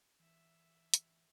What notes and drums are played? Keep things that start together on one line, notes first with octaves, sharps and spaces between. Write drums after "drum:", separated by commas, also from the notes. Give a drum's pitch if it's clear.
E3 E5
drum: hi-hat